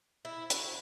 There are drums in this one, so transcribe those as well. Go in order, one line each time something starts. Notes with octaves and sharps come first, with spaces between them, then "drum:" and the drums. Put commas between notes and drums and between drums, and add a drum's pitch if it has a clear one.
E4
F#4, drum: hi-hat